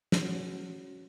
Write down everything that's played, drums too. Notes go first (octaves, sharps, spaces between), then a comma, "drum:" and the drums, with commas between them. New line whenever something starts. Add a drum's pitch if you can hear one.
drum: snare
C#4 F#4